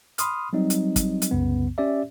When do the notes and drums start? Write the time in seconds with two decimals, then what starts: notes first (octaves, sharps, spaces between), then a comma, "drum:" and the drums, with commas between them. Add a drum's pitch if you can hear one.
0.18 B5 C6 D#6 F6, drum: hi-hat
0.53 F#3 G3 C4 D#4 D#5
0.70 drum: hi-hat
0.96 drum: kick, hi-hat
1.22 drum: hi-hat
1.31 C2 F#2 C#3 B3
1.78 C#4 G4 D5 E5